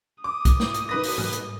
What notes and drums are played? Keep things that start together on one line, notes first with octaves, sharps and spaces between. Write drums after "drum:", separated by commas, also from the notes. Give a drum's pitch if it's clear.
D6 D#6
drum: kick, hi-hat
drum: snare
drum: hi-hat
D#3 B4 A#6
drum: open hi-hat
drum: tom G#2
drum: hi-hat